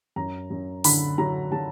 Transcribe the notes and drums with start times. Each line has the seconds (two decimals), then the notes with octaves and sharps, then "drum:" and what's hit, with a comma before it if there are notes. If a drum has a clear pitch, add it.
0.16 F#2 A#5
0.50 F#2
0.84 D3 B5, drum: open hi-hat
1.18 F#3 A#5
1.52 F#3 A5